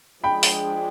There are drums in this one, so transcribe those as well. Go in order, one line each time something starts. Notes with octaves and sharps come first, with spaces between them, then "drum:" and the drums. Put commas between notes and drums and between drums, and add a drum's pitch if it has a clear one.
F3 G#3 D4 G#4 G5 B5
drum: open hi-hat